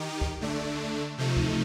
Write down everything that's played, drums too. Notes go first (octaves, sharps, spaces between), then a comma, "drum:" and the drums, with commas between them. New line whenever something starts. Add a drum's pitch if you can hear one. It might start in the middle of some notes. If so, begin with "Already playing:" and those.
Already playing: D#3 D#4 G4
drum: kick
D3 A3 D4
C3 F3 A3 D#4
drum: kick